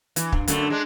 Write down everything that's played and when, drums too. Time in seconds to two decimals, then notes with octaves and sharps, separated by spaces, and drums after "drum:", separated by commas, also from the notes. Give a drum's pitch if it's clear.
0.16 E3, drum: hi-hat
0.32 G2, drum: kick
0.48 F#2 D3 A3, drum: hi-hat
0.70 G#3 D4